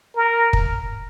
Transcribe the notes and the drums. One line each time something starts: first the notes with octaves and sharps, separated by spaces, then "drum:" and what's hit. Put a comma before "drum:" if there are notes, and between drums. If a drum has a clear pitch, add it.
A#4
drum: kick